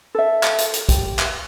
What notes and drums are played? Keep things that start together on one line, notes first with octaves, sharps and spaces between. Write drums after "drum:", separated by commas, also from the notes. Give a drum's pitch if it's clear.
A4 E5
drum: clap
drum: hi-hat
drum: hi-hat
G4, drum: kick, hi-hat
drum: clap